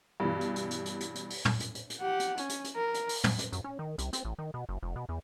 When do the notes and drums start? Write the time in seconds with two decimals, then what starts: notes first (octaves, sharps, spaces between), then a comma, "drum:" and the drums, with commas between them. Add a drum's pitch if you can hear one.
0.20 G2 B2 E3
0.41 drum: hi-hat
0.56 drum: hi-hat
0.71 drum: hi-hat
0.85 drum: hi-hat
1.00 drum: hi-hat
1.15 drum: hi-hat
1.30 drum: open hi-hat
1.45 drum: tom
1.60 drum: hi-hat
1.75 drum: hi-hat
1.90 drum: hi-hat
2.01 G4 F#5
2.20 drum: hi-hat
2.37 C#4, drum: hi-hat
2.49 drum: hi-hat
2.64 drum: hi-hat
2.76 A#4
2.94 drum: hi-hat
3.09 drum: open hi-hat
3.24 drum: tom
3.39 drum: hi-hat
3.52 F#2, drum: hi-hat
3.64 C#4
3.79 D#3
3.98 C2, drum: hi-hat
4.13 C4, drum: hi-hat
4.25 A1
4.39 D#3
4.54 B2
4.69 F#1
4.83 F1
4.96 B2
5.09 E2